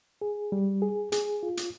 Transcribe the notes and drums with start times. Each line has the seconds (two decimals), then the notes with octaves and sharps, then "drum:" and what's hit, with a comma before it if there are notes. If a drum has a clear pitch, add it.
0.22 G#4
0.52 G3
0.82 G#4
1.12 G#4, drum: hi-hat
1.43 F4
1.57 drum: hi-hat